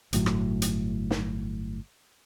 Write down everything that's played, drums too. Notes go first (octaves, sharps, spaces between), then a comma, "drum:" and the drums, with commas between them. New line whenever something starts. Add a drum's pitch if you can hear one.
G1 A2 F#3, drum: hi-hat
drum: rim click
drum: hi-hat
drum: snare